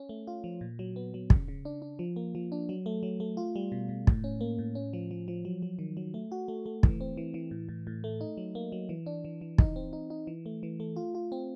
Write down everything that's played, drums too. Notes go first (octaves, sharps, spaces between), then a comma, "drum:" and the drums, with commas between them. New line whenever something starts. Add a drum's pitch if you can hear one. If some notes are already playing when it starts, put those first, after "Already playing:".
Already playing: C#4
A3
F4
F3
A#2
F#3
B3
F#3
C#3, drum: kick
C#3
D4
D4
F3
A#3
F3
D4
F#3
A3
F#3
A3
F4
G3
B2
B2
A2, drum: kick
C#4
A#3
A2
C#4
F3
F3
F3
F#3
F#3
D#3
F#3
A3
F#4
A3
A3
E3, drum: kick
C4
E3
E3
A2
A2
A2
A3
D#4
F#3
A#3
F#3
E3
D4
E3
E3
D#4, drum: kick
C4
D#4
D#4
E3
A3
E3
A3
F4
F4
C4